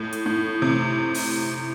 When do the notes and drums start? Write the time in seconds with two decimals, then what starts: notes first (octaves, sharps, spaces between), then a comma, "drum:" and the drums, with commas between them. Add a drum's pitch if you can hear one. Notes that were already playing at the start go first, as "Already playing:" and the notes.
Already playing: A2
0.13 drum: hi-hat
0.26 A2
0.62 C3
1.14 drum: open hi-hat